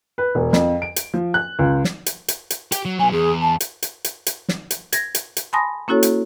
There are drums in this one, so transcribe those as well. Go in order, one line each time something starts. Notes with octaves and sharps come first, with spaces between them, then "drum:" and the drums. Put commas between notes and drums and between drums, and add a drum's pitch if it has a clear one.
B4
E1
F2, drum: snare
D7
drum: hi-hat
F3
F#6
C#2
drum: snare
drum: hi-hat
drum: hi-hat
drum: hi-hat
G4, drum: hi-hat
F#3
F#3 B3 G#5
E2 G#4
A5
drum: hi-hat
drum: hi-hat
drum: hi-hat
drum: hi-hat
drum: snare
drum: hi-hat
G#6 A#6, drum: hi-hat
drum: hi-hat
drum: hi-hat
G#5 A5 B5 C6 D#6 A#6
A#3 C#4 E4 F#4 A4 C#5
drum: hi-hat